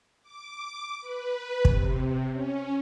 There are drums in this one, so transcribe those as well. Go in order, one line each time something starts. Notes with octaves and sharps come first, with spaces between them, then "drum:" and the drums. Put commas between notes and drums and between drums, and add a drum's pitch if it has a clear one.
D6
B4
C3, drum: kick
C#4